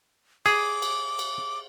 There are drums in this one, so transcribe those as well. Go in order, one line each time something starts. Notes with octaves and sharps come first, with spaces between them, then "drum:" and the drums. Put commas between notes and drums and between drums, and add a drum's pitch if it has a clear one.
G#4 D6, drum: cymbal
drum: cymbal
drum: cymbal